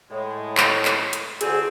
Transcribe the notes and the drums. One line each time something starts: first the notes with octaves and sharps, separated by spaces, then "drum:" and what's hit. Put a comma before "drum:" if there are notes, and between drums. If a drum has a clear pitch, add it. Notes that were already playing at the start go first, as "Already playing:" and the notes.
A2 G#3
drum: clap
drum: clap
drum: hi-hat
D2 C4 G#4, drum: hi-hat